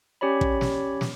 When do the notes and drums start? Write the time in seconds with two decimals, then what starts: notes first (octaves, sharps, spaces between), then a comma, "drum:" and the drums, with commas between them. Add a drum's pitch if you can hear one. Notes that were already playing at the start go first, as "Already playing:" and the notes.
0.21 C#4 G4 C#5 D5 B5
0.41 drum: kick
0.61 drum: snare
1.01 drum: snare